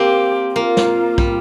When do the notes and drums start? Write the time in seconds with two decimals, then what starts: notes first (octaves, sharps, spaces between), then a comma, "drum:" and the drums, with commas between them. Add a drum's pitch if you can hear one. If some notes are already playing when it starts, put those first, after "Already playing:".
Already playing: A#3 C4 G4
0.56 A#3 F4
0.77 drum: snare
1.18 G3, drum: kick